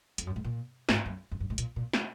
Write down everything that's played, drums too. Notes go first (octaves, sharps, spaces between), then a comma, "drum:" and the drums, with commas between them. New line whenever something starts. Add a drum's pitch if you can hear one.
F2, drum: hi-hat
F#2
G#2
A#2
G#2, drum: snare
F#2
F2
F#2
G#2
A#2, drum: hi-hat
A#2
drum: snare